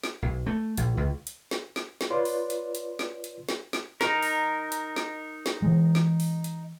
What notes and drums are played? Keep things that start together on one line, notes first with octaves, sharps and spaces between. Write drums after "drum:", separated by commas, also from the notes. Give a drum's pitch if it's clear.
drum: snare
B1
A3
A#1, drum: hi-hat
C#2
drum: hi-hat
drum: snare
drum: snare
drum: snare
F4 B4 C#5 D5 C6
drum: open hi-hat
drum: hi-hat
drum: hi-hat
drum: snare
drum: hi-hat
drum: snare
drum: snare
D#4 A#4, drum: snare
drum: open hi-hat
drum: hi-hat
drum: snare
drum: snare
E3 G#3
drum: snare
drum: open hi-hat
drum: hi-hat